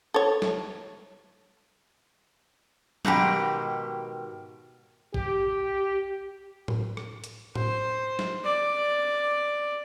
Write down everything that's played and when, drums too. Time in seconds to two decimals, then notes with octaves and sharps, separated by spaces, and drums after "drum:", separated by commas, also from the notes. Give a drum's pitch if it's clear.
0.14 A4 C#5
0.42 drum: snare
3.05 G#2 B2 D#3 G4, drum: tom F#3
5.14 G4, drum: kick A#1
6.68 drum: tom A2
6.97 drum: rim click
7.24 drum: hi-hat
7.55 C5, drum: tom A2
8.19 drum: snare
8.44 D5